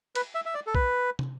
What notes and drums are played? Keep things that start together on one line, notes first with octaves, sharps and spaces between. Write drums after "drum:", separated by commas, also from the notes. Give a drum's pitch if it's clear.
B4, drum: cymbal
E5
E5
D5
A4
B4, drum: kick B1
drum: tom